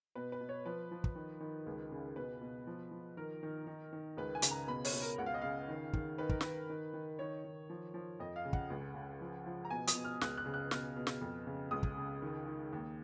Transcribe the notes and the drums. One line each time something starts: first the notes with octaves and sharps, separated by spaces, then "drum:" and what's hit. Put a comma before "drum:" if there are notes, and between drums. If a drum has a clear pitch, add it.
B2 B4
B4
B2
C#5
F3 B4
F3
drum: kick
D#3
D#3
C#2
C#3
B2 B4
B2
F3
F3
D#3 A#4
D#3
D#3
D#3
C#2 B4
G#5
C#3, drum: hi-hat
A#5
B2 B5
C#5, drum: open hi-hat
B2
A#4
C#2 F#5
F5
D#5
C#3 F5
D#3
D#3, drum: kick
D#3 B4
A#4, drum: kick
D#3 B4, drum: snare
D#3
D#3
D#3 C#5
D#3
F3
F3
F2 D#5
F5
C#3
F#5, drum: kick
C#2
C#3
F3
F3
A#5
B2 G#5
D#6, drum: hi-hat
B2
F6
C#2 F#6, drum: snare
F#6
C#3
F#6
B2 F6, drum: snare
B2
drum: snare
F2
C#3
C#2 D#6
drum: kick
C#3
D#3
D#3
D#2